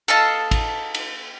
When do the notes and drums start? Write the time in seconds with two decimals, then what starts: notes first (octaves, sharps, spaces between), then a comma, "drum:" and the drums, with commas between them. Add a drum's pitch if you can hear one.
0.08 A4 D#5 F5 A5, drum: cymbal
0.51 drum: kick, cymbal
0.94 drum: cymbal